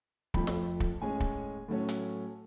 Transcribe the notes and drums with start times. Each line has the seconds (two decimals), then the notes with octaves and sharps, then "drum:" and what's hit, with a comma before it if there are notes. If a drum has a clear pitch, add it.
0.34 F2 F3 A3 B5, drum: kick
0.47 drum: snare
0.80 drum: kick
1.01 A2 G#3 C#4 G#5
1.20 drum: kick
1.68 A2 F#3 A3 C#4
1.89 drum: hi-hat